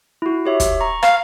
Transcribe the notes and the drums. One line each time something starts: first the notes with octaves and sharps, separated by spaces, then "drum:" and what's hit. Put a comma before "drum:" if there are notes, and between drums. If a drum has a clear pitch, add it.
E4 F#4
G4 C#5 E5
drum: kick, hi-hat
A#5 C#6
F5, drum: rim click